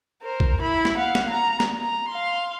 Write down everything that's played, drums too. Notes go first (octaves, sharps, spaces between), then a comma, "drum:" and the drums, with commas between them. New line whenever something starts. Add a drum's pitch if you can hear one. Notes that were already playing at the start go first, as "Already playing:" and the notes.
A#4 C5
drum: kick A#1
E4 B5
drum: snare
F5 F#5
drum: snare
A#5
drum: snare
A#5
F5 C6